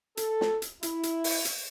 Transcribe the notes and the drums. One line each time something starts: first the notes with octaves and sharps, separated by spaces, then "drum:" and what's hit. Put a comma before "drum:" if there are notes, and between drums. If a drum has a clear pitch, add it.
A4, drum: hi-hat
drum: snare
drum: hi-hat
E4, drum: hi-hat
drum: hi-hat
drum: open hi-hat
drum: hi-hat